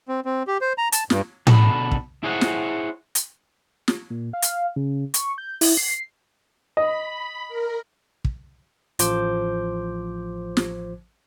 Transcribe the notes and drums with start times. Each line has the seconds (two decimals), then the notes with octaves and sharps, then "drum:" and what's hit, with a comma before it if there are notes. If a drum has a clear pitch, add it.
0.08 C4
0.25 C4
0.47 G4
0.61 C5
0.78 A#5
0.92 A5, drum: hi-hat
1.10 G2, drum: snare
1.47 B2 D3 A4 C5 B5, drum: tom A2
1.91 drum: kick
2.23 E4 G#4 C5 C#5 F#5
2.41 drum: snare
3.15 drum: hi-hat
3.88 drum: snare
4.10 A#2
4.33 F5
4.42 drum: hi-hat
4.76 C#3
5.14 C#6, drum: hi-hat
5.38 G6
5.61 E4, drum: open hi-hat
5.77 C7
6.77 D#5 B5
7.48 A#4
8.25 drum: kick
8.99 A1 F3 C5 D6 G6, drum: hi-hat
10.57 drum: snare